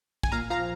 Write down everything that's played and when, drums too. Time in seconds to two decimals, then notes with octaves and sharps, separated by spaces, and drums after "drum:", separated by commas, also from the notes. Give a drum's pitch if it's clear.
0.23 G#5, drum: kick
0.32 A#2 F5 A#5
0.50 F3 F5 A#5